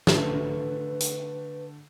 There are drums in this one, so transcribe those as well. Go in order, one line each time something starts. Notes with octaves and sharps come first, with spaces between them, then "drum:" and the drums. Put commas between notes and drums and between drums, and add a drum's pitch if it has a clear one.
D3 A3 B4, drum: snare
drum: hi-hat